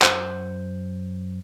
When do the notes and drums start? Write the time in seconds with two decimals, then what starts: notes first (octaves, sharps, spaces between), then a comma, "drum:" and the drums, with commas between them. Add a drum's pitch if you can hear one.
0.02 F#2 C5 F#5, drum: clap